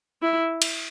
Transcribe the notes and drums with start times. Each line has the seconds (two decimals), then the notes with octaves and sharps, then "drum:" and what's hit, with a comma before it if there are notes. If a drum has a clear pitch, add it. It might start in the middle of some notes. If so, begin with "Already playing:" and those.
0.22 E4
0.62 drum: cymbal